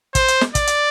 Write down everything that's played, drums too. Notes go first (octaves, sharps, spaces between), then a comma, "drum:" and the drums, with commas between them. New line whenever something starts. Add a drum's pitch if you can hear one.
C5, drum: kick, hi-hat
drum: hi-hat
drum: snare
D5, drum: kick, hi-hat
drum: hi-hat